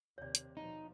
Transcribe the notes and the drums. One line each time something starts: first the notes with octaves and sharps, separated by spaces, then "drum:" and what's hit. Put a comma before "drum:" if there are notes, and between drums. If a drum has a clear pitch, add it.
D#2 C3 C#5 D5
drum: hi-hat
B2 F3 D#4